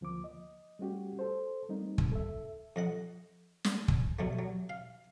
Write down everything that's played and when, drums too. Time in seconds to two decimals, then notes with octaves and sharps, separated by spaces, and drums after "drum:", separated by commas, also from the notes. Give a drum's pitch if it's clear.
0.01 D2 F3 A#3 D6
0.24 D#5
0.79 G3 A3 C#4 F#4 G4
1.19 A4 C5
1.69 G3 A3 A#3 C4 D#4
1.98 drum: kick
2.12 A4 E5
2.76 F2 D#5 F#5
3.64 drum: snare
3.88 drum: kick
4.19 B2 F#3 A3
4.39 F#3
4.69 F5